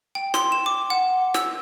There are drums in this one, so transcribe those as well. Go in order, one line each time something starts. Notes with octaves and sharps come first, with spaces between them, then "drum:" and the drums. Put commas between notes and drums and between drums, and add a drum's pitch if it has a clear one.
G5
C6, drum: snare
E7
D6
F#5
E6, drum: snare